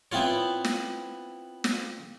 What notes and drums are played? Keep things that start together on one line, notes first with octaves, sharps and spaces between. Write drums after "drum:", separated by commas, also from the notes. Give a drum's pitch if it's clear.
B3 C4 E4 F4 C#5
drum: snare
drum: snare